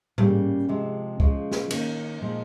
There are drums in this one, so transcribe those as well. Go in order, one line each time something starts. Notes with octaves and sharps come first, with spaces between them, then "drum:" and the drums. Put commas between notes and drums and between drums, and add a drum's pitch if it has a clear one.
C#3 G3 A#3 C#4, drum: tom G#2
C3 F3 G#3
C#3 F3 G#3, drum: kick
drum: snare
D#3 A#3 C#4, drum: cymbal
A#2 F3 G#3 D#4